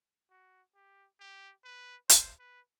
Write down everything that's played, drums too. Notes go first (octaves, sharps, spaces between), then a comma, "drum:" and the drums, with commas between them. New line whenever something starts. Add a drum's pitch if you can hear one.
F#4
G4
G4
B4
C5, drum: hi-hat
B4